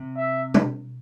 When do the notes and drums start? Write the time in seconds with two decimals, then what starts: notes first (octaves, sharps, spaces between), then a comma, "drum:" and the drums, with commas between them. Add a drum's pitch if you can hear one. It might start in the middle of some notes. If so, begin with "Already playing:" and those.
Already playing: C3
0.17 E5
0.54 drum: tom B2